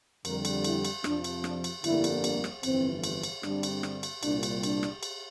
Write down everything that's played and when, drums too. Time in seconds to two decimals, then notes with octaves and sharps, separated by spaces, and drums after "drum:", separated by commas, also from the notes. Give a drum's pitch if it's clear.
0.25 F2 D3 G3 A#4, drum: cymbal
0.45 drum: cymbal
0.64 E4, drum: cymbal
0.85 drum: cymbal
1.04 F2 C3 F3 D4, drum: rim click
1.24 drum: cymbal
1.44 D4, drum: rim click
1.64 drum: cymbal
1.84 G1 F2 D3 G3 A#3 E4, drum: cymbal
2.04 drum: cymbal
2.24 drum: cymbal
2.44 drum: rim click
2.63 G1 F2 E3 C4, drum: cymbal
3.04 drum: cymbal
3.23 drum: cymbal
3.43 G2 D3 G3 C4 D4, drum: rim click
3.63 drum: cymbal
3.83 drum: rim click
4.03 drum: cymbal
4.23 C2 A#2 G3 D4, drum: cymbal
4.43 drum: cymbal
4.63 D4, drum: cymbal
4.83 drum: rim click
5.03 drum: cymbal